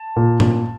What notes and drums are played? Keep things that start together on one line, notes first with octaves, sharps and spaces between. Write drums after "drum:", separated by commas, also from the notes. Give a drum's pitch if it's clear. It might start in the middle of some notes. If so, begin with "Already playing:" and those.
Already playing: A5
A#2
A#2, drum: tom G2